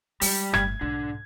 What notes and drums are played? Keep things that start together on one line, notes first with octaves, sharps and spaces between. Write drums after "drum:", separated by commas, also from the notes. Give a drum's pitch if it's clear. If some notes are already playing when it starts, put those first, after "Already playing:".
G3 G#3, drum: open hi-hat
G1 A2 G#6, drum: rim click
B1 G#2 D3